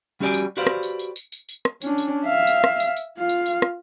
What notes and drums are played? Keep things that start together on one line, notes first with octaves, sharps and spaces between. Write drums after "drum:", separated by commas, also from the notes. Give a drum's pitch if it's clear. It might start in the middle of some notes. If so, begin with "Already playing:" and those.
G3 C#4 F#4 G4 D5 G#5
drum: tambourine
F#4 G4 B4 C5 D5 F5
drum: rim click
drum: tambourine
drum: tambourine
drum: tambourine
drum: tambourine
drum: tambourine
drum: rim click
C#4 D4, drum: tambourine
drum: tambourine
E5 F5
drum: tambourine
drum: rim click
drum: tambourine
drum: tambourine
F4 F5
drum: tambourine
drum: tambourine
drum: rim click